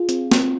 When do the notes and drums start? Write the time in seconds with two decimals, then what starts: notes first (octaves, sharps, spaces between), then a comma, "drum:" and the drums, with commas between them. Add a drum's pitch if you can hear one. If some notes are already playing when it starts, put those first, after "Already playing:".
Already playing: F4 G#4
0.09 C4, drum: hi-hat
0.32 C4, drum: snare